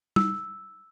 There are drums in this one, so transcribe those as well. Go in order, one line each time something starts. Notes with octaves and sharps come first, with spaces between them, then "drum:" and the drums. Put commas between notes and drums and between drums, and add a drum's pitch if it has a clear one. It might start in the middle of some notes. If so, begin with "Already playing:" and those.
E6, drum: tom